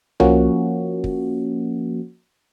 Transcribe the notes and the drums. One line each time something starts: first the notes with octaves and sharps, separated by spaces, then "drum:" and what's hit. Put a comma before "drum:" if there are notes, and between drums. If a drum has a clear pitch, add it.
F3 A#3 C#4 F#4, drum: tom C2
drum: kick